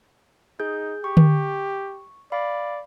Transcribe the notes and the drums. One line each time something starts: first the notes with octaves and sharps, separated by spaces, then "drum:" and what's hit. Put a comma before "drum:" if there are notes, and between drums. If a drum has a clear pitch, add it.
D#4 G#4 G6
G4 C#6
drum: tom D3
D5 F5 B5